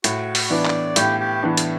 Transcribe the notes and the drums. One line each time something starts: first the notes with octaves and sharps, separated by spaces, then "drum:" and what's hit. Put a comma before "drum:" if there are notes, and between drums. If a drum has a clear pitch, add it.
A2 F#4, drum: hi-hat
drum: open hi-hat
E3 B3 D4 D5
drum: clap
A2 G4, drum: hi-hat
G4
E3 B3 D4
drum: hi-hat